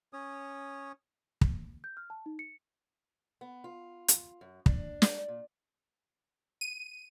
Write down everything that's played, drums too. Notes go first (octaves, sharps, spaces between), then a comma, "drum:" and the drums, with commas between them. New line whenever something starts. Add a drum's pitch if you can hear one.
C#4 C#5 D#6
drum: kick
G6
F6
A5
D#4
C#7
B3
F4
drum: hi-hat
F#2
D4, drum: kick
D5, drum: snare
A#2
D#7